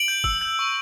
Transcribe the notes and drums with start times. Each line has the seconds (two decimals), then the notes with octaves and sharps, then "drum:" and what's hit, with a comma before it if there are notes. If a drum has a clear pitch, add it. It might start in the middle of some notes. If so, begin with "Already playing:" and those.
Already playing: D7 F#7
0.08 G6
0.24 E6, drum: kick G1
0.41 G6
0.59 C#6